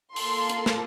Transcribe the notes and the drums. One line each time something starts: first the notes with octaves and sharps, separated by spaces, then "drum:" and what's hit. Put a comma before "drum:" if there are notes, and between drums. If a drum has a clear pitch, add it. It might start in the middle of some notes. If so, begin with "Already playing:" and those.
A#3 F4 A4 C6, drum: open hi-hat
drum: hi-hat
drum: snare